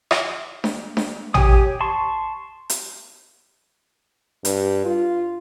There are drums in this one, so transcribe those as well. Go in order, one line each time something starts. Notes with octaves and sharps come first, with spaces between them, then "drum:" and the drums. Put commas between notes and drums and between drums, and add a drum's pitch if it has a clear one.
drum: rim click
drum: snare D4
drum: snare D4
G4 C#5 G5 G#5 D#6, drum: tom
A5 C6 C#6
drum: hi-hat
G2, drum: hi-hat
F4